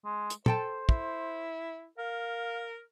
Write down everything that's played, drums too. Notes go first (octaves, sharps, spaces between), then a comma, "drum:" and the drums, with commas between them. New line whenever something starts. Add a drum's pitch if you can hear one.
G#3
drum: hi-hat
A4 C5 G5 A5, drum: tom
E4, drum: kick
A#4 F5